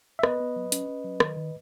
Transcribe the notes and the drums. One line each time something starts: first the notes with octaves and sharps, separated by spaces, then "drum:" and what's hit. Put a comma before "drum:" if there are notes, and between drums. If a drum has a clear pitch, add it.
E5
B3 B4 D#5, drum: rim click
B3
F#3
C#4, drum: hi-hat
C#4
F#3
D#3, drum: rim click
D#3